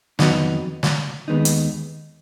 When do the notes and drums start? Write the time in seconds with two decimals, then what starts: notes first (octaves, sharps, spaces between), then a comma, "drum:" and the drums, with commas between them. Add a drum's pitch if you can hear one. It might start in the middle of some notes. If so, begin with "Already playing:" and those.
0.19 F2 D#3 F#3 B3 D#4, drum: snare
0.83 drum: snare
1.28 D#2 D#3 G#3 B3 D#4
1.45 drum: hi-hat